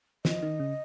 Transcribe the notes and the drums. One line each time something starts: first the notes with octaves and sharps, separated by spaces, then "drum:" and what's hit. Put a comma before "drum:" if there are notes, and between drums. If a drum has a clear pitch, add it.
F3 D#5, drum: snare
D#3
C#3